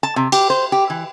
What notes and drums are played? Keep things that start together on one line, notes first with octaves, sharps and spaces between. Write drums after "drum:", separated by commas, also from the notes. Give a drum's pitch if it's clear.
A5
C3
G4, drum: cymbal
C5
G4
E3